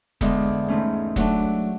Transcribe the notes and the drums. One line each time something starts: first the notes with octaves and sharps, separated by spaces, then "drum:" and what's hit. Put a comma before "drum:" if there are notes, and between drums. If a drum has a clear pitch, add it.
E2 D3 G#3, drum: kick, hi-hat
G#2 E3 A3 C#4
F#3 A3 D4, drum: kick, hi-hat